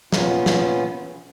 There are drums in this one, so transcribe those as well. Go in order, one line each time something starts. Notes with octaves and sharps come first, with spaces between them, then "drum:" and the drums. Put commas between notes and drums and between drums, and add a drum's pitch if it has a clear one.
A#2 B3 C#4 F4, drum: snare
drum: snare